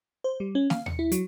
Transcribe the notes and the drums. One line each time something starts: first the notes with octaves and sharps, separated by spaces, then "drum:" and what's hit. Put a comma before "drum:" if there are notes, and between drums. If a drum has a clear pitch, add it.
C5
G3
C#4
F5, drum: snare
C#7, drum: tom D#2
E4
F#3, drum: hi-hat